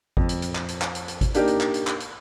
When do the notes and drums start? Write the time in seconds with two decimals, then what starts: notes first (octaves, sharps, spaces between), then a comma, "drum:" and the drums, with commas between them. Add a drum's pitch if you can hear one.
0.17 F2, drum: kick G#1
0.29 drum: hi-hat
0.42 drum: hi-hat
0.55 drum: clap
0.68 drum: hi-hat
0.82 drum: clap
0.95 drum: hi-hat
1.08 drum: hi-hat
1.21 drum: kick G#1, hi-hat
1.34 A#3 D4 D#4 G4 A#4 D5, drum: hi-hat
1.47 drum: hi-hat
1.61 drum: clap
1.74 drum: hi-hat
1.87 drum: clap
2.00 drum: hi-hat